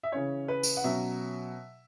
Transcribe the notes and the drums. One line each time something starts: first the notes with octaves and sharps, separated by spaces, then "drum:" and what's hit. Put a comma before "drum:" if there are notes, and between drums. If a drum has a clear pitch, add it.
E5
C#3 E3 C#4 C#5
B4
drum: tambourine
F#5
B2 F#3 C#4 E5